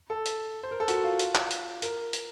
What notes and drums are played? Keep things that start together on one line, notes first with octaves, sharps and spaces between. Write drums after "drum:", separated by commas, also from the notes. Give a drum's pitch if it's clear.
A4
drum: hi-hat
C5
A#4
A4
F#4, drum: hi-hat
F4
drum: hi-hat
drum: clap
drum: hi-hat
A#4, drum: hi-hat
drum: hi-hat